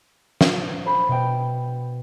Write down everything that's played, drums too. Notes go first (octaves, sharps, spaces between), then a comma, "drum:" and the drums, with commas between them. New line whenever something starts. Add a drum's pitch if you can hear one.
drum: snare
C5 B5
B2 G5